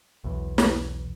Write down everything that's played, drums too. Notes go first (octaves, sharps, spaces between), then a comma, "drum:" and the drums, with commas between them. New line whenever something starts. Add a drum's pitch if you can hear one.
B1 E2
drum: snare